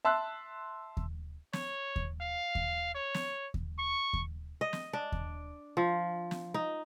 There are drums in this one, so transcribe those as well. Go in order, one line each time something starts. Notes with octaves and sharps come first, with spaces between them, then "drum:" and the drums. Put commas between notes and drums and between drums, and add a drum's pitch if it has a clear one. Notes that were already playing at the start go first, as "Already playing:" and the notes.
E5 A5 C6 E6 F#6
drum: kick D#2
C#5, drum: snare
drum: kick D#2
F5
drum: kick D#2
C#5
drum: snare
drum: kick D#2
C#6
drum: kick D#2
D#5
drum: snare
D4
drum: kick D#2
F3
drum: snare
D#4